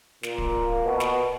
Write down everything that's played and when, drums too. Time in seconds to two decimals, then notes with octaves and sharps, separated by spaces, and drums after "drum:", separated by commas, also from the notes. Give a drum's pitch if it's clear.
0.23 A#2, drum: snare
0.38 drum: kick D1
0.84 B2
1.00 drum: snare